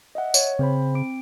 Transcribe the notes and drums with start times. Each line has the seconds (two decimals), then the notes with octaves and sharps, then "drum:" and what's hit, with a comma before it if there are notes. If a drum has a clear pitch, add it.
0.15 D#5 E5 F#5
0.34 C#5, drum: tambourine
0.59 C#3 C4 C5 B5
0.95 C4 D6 D7